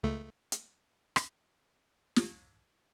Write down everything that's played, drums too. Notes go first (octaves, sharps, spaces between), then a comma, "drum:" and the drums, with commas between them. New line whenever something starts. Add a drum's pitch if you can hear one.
C#2 A3
drum: hi-hat
drum: rim click
drum: snare